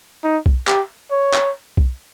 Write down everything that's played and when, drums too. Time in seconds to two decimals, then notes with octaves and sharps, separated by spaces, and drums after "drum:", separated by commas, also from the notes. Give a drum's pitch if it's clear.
0.24 D#4
0.46 drum: kick B1
0.67 G4, drum: clap
1.12 C#5
1.34 drum: clap
1.77 drum: kick B1